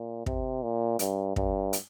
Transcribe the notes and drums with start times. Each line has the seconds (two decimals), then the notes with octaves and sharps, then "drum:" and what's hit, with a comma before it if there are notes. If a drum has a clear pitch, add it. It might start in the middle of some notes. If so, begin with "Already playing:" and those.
Already playing: A#2
0.26 C3, drum: kick
0.63 A#2
0.99 G2, drum: hi-hat
1.36 G2, drum: kick
1.73 drum: hi-hat